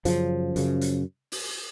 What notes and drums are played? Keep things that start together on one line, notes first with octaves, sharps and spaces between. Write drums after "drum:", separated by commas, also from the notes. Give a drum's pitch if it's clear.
F#2 C#3 F3, drum: hi-hat
F#2 C#3, drum: hi-hat
drum: hi-hat
drum: open hi-hat